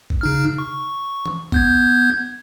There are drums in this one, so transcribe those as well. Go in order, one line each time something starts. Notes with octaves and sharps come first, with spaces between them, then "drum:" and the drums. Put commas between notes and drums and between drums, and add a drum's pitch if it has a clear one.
drum: kick A1
C#3 D#4 F6
C#6
drum: tom E3
B3 G6 G#6, drum: kick A1